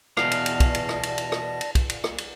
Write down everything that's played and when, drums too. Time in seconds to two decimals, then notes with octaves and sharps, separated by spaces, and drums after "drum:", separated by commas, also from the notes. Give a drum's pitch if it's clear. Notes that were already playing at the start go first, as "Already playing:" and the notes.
0.17 E2 B2 D5 F5 A5 A#6, drum: rim click
0.31 drum: cymbal
0.46 drum: cymbal
0.60 drum: kick, cymbal
0.75 drum: cymbal
0.89 drum: rim click
1.03 drum: cymbal
1.18 drum: cymbal
1.32 drum: rim click
1.61 drum: cymbal
1.75 drum: kick, cymbal
1.90 drum: cymbal
2.04 drum: rim click
2.18 drum: cymbal